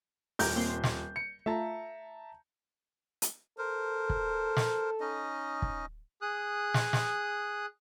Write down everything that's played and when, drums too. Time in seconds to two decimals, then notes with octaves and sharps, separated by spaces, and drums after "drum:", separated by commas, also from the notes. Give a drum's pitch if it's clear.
0.39 D#1 A3 G4 A#4 G6, drum: open hi-hat
0.56 A#3 C4 C6
0.84 drum: snare
1.16 C#7
1.46 A3 F4 E5 A5 A#5
3.22 drum: hi-hat
3.58 A4 A#4 C5
4.10 drum: kick
4.57 drum: snare
5.00 C#4 D#4 D#5
5.62 drum: kick
6.22 G#4 D#6 F#6
6.74 drum: snare
6.93 drum: snare